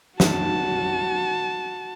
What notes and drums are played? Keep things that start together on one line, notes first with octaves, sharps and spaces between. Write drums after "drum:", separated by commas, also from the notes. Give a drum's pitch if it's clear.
F#4 A5, drum: snare